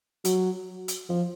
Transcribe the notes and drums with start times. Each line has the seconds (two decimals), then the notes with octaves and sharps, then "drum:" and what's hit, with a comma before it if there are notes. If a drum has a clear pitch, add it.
0.25 F#3, drum: hi-hat
0.88 drum: hi-hat
1.09 F3